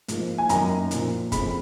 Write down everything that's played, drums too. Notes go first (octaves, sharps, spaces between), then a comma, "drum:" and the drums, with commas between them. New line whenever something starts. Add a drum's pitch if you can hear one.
G#2 F3 A#3, drum: hi-hat
G#5
F#2 D#3 A#3 A#5, drum: hi-hat
A#2 F3 A#3, drum: hi-hat
F2 C#3 G#3 B5, drum: kick, hi-hat